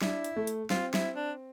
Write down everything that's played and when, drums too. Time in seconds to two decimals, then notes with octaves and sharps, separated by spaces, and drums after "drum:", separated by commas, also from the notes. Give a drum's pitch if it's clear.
0.02 D4 E4, drum: snare
0.24 drum: hi-hat
0.36 A3
0.47 drum: hi-hat
0.70 C4 F4, drum: snare
0.94 E4, drum: snare
1.16 D4